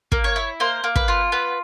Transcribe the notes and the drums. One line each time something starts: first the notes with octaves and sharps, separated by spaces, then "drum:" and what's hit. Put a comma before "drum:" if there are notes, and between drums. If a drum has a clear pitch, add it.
A#3, drum: kick
C#5
E4
A#3 C5
A#3
B4, drum: kick
F4
B3 B4